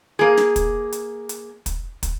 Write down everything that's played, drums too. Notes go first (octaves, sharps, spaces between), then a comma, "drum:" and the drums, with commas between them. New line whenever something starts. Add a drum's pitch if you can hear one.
A#3 G#4
drum: snare
drum: kick, hi-hat
drum: hi-hat
drum: hi-hat
drum: kick, hi-hat
drum: kick, hi-hat